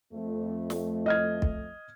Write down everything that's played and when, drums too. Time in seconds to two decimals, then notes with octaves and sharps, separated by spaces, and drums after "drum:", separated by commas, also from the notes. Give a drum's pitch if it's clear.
0.13 F2 A3
0.70 drum: snare
1.06 D#5 F6 G#6
1.42 drum: kick